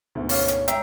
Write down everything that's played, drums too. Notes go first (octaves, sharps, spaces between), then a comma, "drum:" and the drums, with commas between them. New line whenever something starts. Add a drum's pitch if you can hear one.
D2 G#2 B2
C#4 C#5 F5, drum: open hi-hat
drum: hi-hat
G#3 C#5 E5 G5 A#5, drum: hi-hat